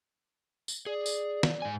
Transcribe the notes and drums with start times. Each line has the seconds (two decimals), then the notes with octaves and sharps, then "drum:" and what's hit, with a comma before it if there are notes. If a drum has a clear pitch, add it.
0.68 drum: tambourine
0.86 G#4 D5
1.06 drum: tambourine
1.43 drum: snare
1.62 G#2 G#5